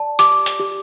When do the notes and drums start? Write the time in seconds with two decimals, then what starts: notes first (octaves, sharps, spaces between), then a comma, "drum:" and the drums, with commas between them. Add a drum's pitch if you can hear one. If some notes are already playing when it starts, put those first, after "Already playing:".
Already playing: D5 A5
0.19 G4 D6, drum: hi-hat
0.46 drum: hi-hat
0.60 G4